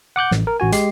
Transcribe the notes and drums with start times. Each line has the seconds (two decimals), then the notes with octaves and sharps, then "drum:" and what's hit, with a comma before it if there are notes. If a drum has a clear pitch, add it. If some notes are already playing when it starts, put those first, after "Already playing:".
0.16 F#5 D6 F#6 G6
0.31 A1, drum: snare
0.47 A#4
0.60 A1 F#4 G#5
0.72 G#3 G4 C7, drum: hi-hat